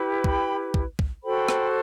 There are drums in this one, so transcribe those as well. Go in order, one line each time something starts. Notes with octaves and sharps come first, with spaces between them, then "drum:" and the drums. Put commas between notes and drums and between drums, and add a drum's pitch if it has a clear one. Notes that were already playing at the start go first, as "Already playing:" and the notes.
Already playing: E4 G4 B4
G5 B5, drum: kick
drum: kick
drum: kick
F#4 A4 C5 G5 B5
drum: rim click